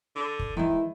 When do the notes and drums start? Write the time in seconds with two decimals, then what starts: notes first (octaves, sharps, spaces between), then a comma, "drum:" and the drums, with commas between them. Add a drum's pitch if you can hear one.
0.16 D3
0.39 drum: kick
0.57 D#3 E3 G#3 E4